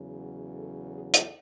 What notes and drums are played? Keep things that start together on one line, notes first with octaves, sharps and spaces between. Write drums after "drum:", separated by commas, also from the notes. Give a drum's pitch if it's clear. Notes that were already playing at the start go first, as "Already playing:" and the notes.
Already playing: E2 C#3 F#3
A4
G#4
drum: hi-hat